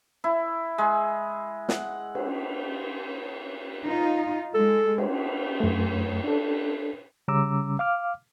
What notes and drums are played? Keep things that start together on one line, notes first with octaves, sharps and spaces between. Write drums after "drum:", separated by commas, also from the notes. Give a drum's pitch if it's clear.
E4
G#3
F#5, drum: snare
drum: cymbal
D#4 F4
G#3 A4
drum: cymbal
F#2 A3
D4 A4
C#3 G3 C#4 A#5 D6 E6
F5 D6 F6